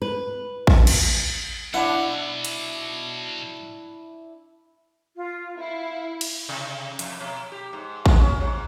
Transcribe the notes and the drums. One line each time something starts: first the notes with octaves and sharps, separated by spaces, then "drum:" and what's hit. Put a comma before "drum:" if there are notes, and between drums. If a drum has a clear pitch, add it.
B4
drum: kick A1
drum: cymbal
B2 F#3 D4 E4 F#5
drum: hi-hat
F4
E4 F5
drum: cymbal
C3
F2, drum: hi-hat
B2
G4
G#2
G#3, drum: kick A1
C#4
G#2